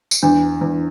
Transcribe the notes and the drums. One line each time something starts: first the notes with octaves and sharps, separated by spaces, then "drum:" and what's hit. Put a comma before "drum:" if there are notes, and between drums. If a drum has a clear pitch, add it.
drum: tambourine
E2 D4
E2